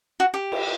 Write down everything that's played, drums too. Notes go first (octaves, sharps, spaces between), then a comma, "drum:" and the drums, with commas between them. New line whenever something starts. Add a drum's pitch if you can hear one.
F#4
G4
drum: cymbal